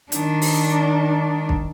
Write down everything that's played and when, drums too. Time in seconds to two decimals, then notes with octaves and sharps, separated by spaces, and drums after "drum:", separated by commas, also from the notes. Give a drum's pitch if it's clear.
0.12 D#3 D4, drum: hi-hat
0.41 drum: open hi-hat
1.49 drum: kick